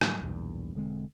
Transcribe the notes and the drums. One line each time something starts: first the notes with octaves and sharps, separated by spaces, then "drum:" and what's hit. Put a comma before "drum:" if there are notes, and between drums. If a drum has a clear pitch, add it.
G#2 F#3 G3, drum: rim click
B1 E2 G2 A#2
E1 D3 G#3 C4